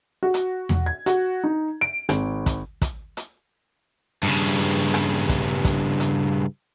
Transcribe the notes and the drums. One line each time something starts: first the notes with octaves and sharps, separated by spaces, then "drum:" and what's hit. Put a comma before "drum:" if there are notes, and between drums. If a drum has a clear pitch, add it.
F#4
drum: hi-hat
drum: tom E2
G#6
F#4, drum: hi-hat
D#4
D7
G#1, drum: rim click
drum: kick, hi-hat
drum: kick, hi-hat
drum: hi-hat
G2 C#3, drum: hi-hat
drum: hi-hat
drum: rim click
drum: kick, hi-hat
drum: kick, hi-hat
drum: hi-hat